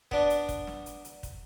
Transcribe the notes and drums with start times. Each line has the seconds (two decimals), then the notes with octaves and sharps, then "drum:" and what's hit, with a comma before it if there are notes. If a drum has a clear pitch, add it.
0.11 B3 D4, drum: kick
0.30 drum: hi-hat
0.49 drum: kick, hi-hat
0.67 drum: snare
0.86 drum: hi-hat
1.05 drum: hi-hat
1.23 drum: kick, hi-hat